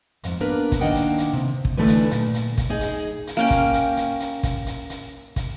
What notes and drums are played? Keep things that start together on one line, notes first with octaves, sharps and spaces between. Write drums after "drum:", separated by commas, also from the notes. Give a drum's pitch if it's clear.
F2 G#2, drum: hi-hat
A#3 B3 D4 A#4 B4
drum: kick, hi-hat
D#3 A#3 D4 D#5 F#5 G5
drum: hi-hat
drum: hi-hat
C3
drum: kick
D3 E3 A3 D4 D#4 B4
drum: hi-hat
A#2, drum: hi-hat
drum: hi-hat
drum: kick, hi-hat
D#4 G#4 D#5
drum: hi-hat
drum: hi-hat
A#3 C#4 G5
drum: kick, hi-hat
drum: hi-hat
drum: hi-hat
drum: hi-hat
drum: kick, hi-hat
drum: hi-hat
drum: hi-hat
drum: kick, hi-hat